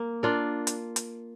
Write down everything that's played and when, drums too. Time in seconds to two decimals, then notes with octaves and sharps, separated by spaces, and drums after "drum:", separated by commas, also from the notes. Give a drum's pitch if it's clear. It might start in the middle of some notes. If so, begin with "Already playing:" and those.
Already playing: A#3
0.23 D4 F4 A#4
0.67 drum: hi-hat
0.96 drum: hi-hat